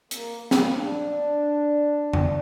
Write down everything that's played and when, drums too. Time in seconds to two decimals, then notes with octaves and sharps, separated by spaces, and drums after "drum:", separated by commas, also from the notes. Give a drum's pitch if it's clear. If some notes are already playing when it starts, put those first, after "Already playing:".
0.11 A#3, drum: hi-hat
0.51 F4, drum: snare
0.73 D4
2.13 drum: tom F2